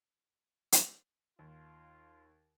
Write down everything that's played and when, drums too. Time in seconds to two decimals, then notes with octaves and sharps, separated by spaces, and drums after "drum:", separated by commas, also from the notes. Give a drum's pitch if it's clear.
0.72 drum: hi-hat
1.39 D#2 F4